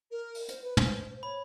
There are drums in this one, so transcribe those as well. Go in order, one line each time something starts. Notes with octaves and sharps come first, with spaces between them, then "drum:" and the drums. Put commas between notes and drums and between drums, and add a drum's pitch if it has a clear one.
A#4
drum: open hi-hat
C5, drum: hi-hat
B4
C5, drum: tom
C5
C#5 B5